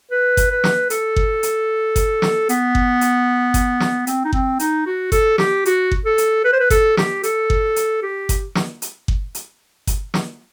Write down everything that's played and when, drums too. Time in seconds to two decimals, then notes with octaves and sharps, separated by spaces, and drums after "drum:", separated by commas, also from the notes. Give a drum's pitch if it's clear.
0.11 B4
0.37 drum: kick G1, hi-hat
0.51 B4
0.64 drum: snare
0.90 A4, drum: hi-hat
1.16 drum: kick G1
1.43 drum: hi-hat
1.96 drum: kick G1, hi-hat
2.22 drum: snare
2.49 B3, drum: hi-hat
2.75 drum: kick G1
3.01 drum: hi-hat
3.54 drum: kick G1, hi-hat
3.80 drum: snare
4.07 C4, drum: hi-hat
4.25 D#4
4.33 C4, drum: kick G1
4.59 D#4, drum: hi-hat
4.86 F#4
5.12 A4, drum: kick G1, hi-hat
5.38 G4, drum: snare
5.65 F#4, drum: hi-hat
5.91 drum: kick G1
6.05 A4
6.18 drum: hi-hat
6.44 B4
6.53 C5
6.60 B4
6.70 A4, drum: kick G1, hi-hat
6.97 G4, drum: snare
7.23 A4, drum: hi-hat
7.50 drum: kick G1
7.76 drum: hi-hat
8.02 G4
8.29 drum: kick G1, hi-hat
8.55 drum: snare
8.82 drum: hi-hat
9.08 drum: kick G1
9.35 drum: hi-hat
9.87 drum: kick G1, hi-hat
10.14 drum: snare